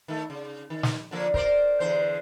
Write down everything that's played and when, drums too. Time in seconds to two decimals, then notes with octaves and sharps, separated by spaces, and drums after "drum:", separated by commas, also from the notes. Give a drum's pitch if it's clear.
0.08 D#3 A3
0.30 C#3
0.70 D#3
0.83 drum: snare
1.11 D3 F3 A#3
1.34 A#4 C5 D5, drum: kick
1.80 E2 D3 C5